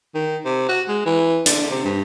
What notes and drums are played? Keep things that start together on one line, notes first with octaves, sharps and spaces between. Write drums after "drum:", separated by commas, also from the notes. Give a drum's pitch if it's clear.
D#3
C3
F#4
G#3
E3
D3, drum: hi-hat
C3
G2